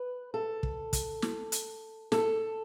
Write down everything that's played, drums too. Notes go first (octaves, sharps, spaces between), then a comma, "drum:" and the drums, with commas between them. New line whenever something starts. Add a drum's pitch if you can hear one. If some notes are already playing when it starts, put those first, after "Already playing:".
Already playing: B4
A4
drum: kick
drum: kick, hi-hat
drum: snare
drum: hi-hat
A4, drum: snare